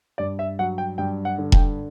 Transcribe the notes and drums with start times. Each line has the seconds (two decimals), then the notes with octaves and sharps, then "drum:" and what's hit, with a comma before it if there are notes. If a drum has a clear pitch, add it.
0.18 G2 D5
0.39 E5
0.59 F#3 F#5
0.78 G5
0.98 G2 G5
1.25 F#5
1.38 D3
1.52 G5, drum: kick E1